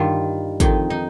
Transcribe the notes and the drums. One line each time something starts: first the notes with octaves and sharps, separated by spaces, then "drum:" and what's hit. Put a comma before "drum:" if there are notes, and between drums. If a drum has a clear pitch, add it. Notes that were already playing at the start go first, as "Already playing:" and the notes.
Already playing: G2 D#3 F4
F2 D#3 D#4, drum: kick, hi-hat
D#4